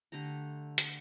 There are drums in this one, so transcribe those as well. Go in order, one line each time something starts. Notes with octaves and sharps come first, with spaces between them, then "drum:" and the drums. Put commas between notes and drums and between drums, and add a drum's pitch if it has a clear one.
D3 A3 G4 A#5
drum: hi-hat